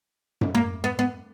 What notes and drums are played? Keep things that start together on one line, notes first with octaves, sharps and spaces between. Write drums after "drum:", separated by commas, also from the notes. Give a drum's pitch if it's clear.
drum: tom F#2
A#3
B3
B3